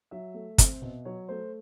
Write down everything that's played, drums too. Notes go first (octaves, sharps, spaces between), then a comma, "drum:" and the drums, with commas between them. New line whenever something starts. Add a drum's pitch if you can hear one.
F#3 E5
A3
C4, drum: kick, hi-hat
B2
F#3 C#5
A3 C5